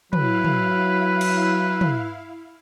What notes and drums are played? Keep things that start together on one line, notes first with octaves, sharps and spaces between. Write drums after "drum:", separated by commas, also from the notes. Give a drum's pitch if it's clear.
F#3 E4 B4 F5, drum: tom
drum: tom
drum: cymbal
drum: tom